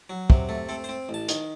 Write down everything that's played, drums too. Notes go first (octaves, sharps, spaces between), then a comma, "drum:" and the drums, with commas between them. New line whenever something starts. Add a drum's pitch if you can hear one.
F#3
C3, drum: kick
A3
C4 A4
C5
C4
A1 A5
D#3, drum: hi-hat